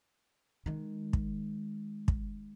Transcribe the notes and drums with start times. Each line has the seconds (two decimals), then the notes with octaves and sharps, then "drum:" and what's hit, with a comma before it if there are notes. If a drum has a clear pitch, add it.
0.66 D#3 G#3
1.13 drum: kick
2.08 drum: kick